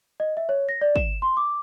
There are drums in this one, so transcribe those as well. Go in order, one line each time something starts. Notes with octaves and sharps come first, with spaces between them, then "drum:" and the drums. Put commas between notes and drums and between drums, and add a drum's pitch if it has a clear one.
D#5
E5
C#5
A#6
D5
E7, drum: kick
C6
D6